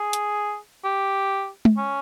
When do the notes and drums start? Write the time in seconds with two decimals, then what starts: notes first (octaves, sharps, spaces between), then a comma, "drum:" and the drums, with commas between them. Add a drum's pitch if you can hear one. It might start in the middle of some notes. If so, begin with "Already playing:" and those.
Already playing: G#4
0.13 drum: hi-hat
0.84 G4
1.65 drum: tom G#3
1.77 C#4